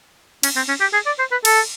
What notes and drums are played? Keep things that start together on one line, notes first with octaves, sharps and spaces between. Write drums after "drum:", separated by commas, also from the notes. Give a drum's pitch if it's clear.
C#4, drum: cymbal
C4
C#4
G4
G#4
D5
C5
B4
A4, drum: cymbal